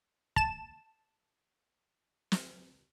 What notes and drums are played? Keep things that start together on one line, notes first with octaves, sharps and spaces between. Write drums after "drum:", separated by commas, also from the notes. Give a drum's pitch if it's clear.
A5 E7, drum: kick
drum: snare